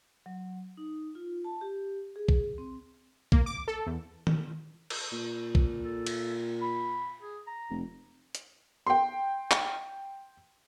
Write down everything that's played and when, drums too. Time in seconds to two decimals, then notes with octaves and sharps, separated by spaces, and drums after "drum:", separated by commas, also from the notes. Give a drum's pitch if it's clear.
0.26 F#3
0.77 D#4
1.15 F4
1.44 A5
1.61 G4
2.16 G#4
2.29 drum: kick
2.58 C4
3.32 A#3, drum: kick
3.46 D6
3.68 A4
3.86 E2
4.27 drum: tom D#3
4.90 drum: cymbal
5.12 A#2
5.55 drum: kick
5.84 A4
6.07 drum: cymbal
6.61 B5
7.22 G#4
7.47 A#5
7.70 F1
8.35 drum: hi-hat
8.87 G5 C6
9.51 drum: clap